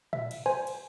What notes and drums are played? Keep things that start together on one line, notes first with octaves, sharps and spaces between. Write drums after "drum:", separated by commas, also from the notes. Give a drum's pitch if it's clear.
E5, drum: tom
drum: cymbal
C5 G#5
drum: cymbal